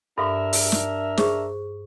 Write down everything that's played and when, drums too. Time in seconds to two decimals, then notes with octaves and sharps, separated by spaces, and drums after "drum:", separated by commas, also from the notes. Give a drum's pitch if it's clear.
0.18 G2 D4 A4 A#4 E5 F5 C6
0.53 drum: open hi-hat
0.72 drum: snare
1.17 G#4 C5 C#6, drum: snare